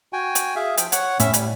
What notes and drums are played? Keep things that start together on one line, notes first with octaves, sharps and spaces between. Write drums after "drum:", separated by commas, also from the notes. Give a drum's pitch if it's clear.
F#4 G5 G#5
drum: hi-hat
G#4 E5 F5
F3 G5, drum: hi-hat
C#5 F#5, drum: hi-hat
A2 C#4 E5 E6, drum: hi-hat
G3, drum: hi-hat